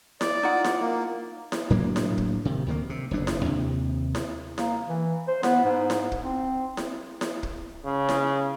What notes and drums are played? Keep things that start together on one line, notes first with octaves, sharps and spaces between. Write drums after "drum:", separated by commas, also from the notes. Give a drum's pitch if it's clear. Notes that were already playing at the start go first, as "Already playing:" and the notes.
D5, drum: snare E4
D#4 F4 F#5
drum: snare E4
A#3
drum: snare E4
A2 F#3 A#3 D4
drum: snare E4
drum: kick
C3 D#3
D2 D#3 F#3 A#3
C3
F#1 F2 D4
drum: snare E4
D#2 C3
drum: snare E4
A#3, drum: snare E4
E3
C5
B3, drum: snare E4
G#2
drum: snare E4
drum: kick
C4
drum: snare E4
drum: snare E4
drum: kick
C#3
drum: snare E4